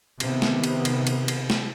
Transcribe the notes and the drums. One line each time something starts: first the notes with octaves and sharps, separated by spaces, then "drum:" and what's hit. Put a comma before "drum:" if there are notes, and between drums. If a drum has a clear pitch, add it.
C3 D#3 B3, drum: cymbal
drum: snare
drum: cymbal
drum: cymbal
drum: cymbal
drum: cymbal
drum: snare